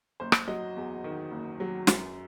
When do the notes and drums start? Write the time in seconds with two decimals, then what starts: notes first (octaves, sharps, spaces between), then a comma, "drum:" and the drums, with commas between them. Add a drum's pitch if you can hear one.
0.20 F#1 C5
0.32 drum: rim click
0.48 F#3 D#5
0.76 E2
1.04 D#3
1.32 F#1
1.60 F#3
1.87 F#2, drum: snare